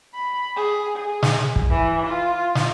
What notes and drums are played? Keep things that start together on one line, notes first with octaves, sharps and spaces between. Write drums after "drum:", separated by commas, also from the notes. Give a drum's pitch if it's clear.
B5
G#4
G#4
drum: snare
drum: kick
E3
F4
drum: snare